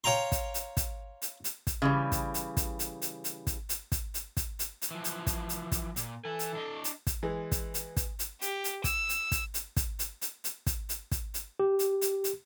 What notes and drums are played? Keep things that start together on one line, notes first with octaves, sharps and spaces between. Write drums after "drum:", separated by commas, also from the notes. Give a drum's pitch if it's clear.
C#5 F5 G5 A#5 C6
drum: kick, hi-hat
drum: hi-hat
drum: kick, hi-hat
drum: hi-hat
drum: hi-hat
drum: kick, hi-hat
C#3 E3 G3
drum: kick, hi-hat
drum: hi-hat
drum: kick, hi-hat
drum: hi-hat
drum: hi-hat
drum: hi-hat
drum: kick, hi-hat
drum: hi-hat
drum: kick, hi-hat
drum: hi-hat
drum: kick, hi-hat
drum: hi-hat
drum: hi-hat
E3 F3
drum: hi-hat
drum: kick, hi-hat
drum: hi-hat
drum: kick, hi-hat
A#2, drum: hi-hat
E3 A4 G#5
drum: hi-hat
D4 D#5
drum: hi-hat
drum: kick, hi-hat
E3 G#3
drum: kick, hi-hat
drum: hi-hat
drum: kick, hi-hat
drum: hi-hat
G4, drum: hi-hat
drum: hi-hat
E6, drum: kick, hi-hat
drum: hi-hat
drum: kick, hi-hat
drum: hi-hat
drum: kick, hi-hat
drum: hi-hat
drum: hi-hat
drum: hi-hat
drum: kick, hi-hat
drum: hi-hat
drum: kick, hi-hat
drum: hi-hat
G4
drum: hi-hat
drum: hi-hat
drum: hi-hat